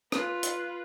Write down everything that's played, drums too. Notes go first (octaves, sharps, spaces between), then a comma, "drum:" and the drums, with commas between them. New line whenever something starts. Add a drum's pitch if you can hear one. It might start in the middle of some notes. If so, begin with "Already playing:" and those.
F4 B4, drum: rim click
drum: hi-hat